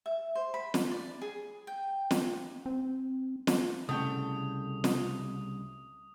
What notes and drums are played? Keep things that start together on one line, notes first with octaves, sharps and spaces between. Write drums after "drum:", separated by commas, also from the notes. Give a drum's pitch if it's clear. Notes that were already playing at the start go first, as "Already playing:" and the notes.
E5
C5
B5
drum: snare
D5
G#4
G5
drum: snare
C4
drum: snare
C2 C#3 A3 G5 D#6
drum: snare